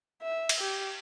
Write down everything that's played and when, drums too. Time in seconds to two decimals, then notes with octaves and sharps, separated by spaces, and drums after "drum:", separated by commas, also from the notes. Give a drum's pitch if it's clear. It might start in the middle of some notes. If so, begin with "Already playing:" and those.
0.22 E5
0.49 drum: cymbal
0.60 G4